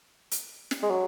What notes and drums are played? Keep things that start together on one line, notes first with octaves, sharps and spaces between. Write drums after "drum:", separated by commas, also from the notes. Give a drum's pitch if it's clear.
drum: hi-hat
drum: snare
G#3
F#3